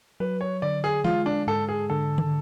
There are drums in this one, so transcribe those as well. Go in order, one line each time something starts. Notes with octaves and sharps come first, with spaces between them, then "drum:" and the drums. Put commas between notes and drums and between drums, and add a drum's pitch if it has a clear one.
F#3 B4
C#5
D3 D5
G#4
G#3 F4, drum: tom E3
D4
G#2 A4
G#4
D3 A4
drum: tom D3